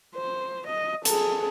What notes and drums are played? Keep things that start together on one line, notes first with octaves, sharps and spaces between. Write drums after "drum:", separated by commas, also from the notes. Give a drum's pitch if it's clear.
C5
D#5
G#4 A4, drum: hi-hat